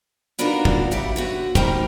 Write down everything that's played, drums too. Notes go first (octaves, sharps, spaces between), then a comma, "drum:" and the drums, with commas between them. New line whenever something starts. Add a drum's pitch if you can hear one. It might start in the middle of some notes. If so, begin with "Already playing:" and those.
B3 D4 D#4 F4 F#4 A#4
drum: kick
C#3 G4 E5 F#5
D3 B3 F#4
G3 D#4 A#4 C5 G5, drum: kick